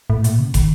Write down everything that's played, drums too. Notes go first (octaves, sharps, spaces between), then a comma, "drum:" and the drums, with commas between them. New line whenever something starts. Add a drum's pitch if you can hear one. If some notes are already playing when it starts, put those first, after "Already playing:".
A2
A#2, drum: hi-hat
C#3
D#3, drum: kick, hi-hat